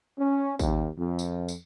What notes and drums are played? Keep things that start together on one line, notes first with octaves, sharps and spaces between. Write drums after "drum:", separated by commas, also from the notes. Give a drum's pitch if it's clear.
C#4
D#2, drum: kick A1, tambourine
F2
drum: tambourine
drum: tambourine